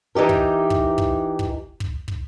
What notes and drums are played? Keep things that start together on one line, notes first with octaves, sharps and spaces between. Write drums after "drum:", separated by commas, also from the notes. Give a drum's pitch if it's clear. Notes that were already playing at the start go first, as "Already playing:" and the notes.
E3 D#4 G4 A#4
drum: kick
drum: kick
drum: kick
drum: kick
drum: kick
drum: kick